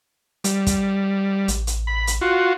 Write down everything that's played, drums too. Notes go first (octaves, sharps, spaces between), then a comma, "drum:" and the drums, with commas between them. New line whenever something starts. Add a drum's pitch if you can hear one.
G3, drum: hi-hat
drum: kick, hi-hat
A1, drum: hi-hat
drum: hi-hat
B5
drum: hi-hat
F4 F#4